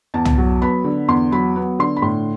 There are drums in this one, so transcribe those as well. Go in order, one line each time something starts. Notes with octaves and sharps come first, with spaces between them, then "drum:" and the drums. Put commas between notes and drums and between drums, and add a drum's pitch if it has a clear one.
E2 A5
drum: tom
F#3
B3 B5
D3
E2 C6
F#3 B5
B3
D3 C6
B5
A2 C6